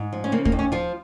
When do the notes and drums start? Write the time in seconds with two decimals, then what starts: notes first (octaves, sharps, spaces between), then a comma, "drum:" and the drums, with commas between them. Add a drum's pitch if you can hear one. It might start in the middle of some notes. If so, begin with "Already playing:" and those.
Already playing: G#2
0.13 F3
0.24 C#4
0.32 C#3 A#3
0.45 A#3, drum: kick
0.52 D#2
0.59 C#4
0.72 F3 F4